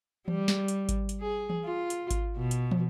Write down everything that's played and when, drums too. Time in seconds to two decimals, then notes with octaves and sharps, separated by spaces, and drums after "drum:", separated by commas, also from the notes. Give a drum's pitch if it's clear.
0.28 G3, drum: tom E3
0.48 drum: snare
0.68 drum: hi-hat
0.89 drum: kick G#1, hi-hat
1.09 drum: hi-hat
1.21 G#4
1.50 drum: tom E3
1.65 F4
1.90 drum: hi-hat
2.11 drum: kick G#1, hi-hat
2.36 B2
2.51 drum: hi-hat
2.71 drum: tom